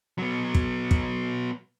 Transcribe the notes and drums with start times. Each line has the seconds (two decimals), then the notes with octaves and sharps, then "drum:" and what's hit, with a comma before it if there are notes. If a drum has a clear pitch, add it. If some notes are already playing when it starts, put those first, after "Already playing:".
0.18 F#3 B3
0.54 drum: kick
0.91 drum: kick